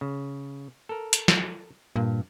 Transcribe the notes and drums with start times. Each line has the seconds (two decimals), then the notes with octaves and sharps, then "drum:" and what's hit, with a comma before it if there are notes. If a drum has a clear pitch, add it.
0.01 C#3
0.89 A4 A#4
1.13 drum: hi-hat
1.28 drum: snare
1.96 G2 A#2